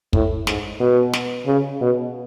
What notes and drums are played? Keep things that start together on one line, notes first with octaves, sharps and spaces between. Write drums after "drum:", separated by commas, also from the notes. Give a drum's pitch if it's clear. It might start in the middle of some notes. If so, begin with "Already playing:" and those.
A2, drum: kick
G#2, drum: snare
B2
drum: snare
C#3
B2